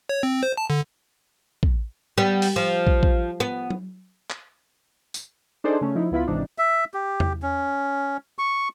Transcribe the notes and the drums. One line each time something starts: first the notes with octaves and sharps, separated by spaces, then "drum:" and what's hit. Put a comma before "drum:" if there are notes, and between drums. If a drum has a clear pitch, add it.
C#5
C4
C5
A5
D3
drum: kick
G3 B3
drum: open hi-hat
F3
drum: kick
drum: kick
B3
drum: tom F#3
drum: clap
drum: tambourine
D4 D#4 G#4 A4 C5 D5
C#3 A3 C#4
F3 D#4 E4
C#2 B3 E4 F4 B5
G#1 C3 E3 D4 D#4
E5
G4
drum: tom E2
C#4
C#6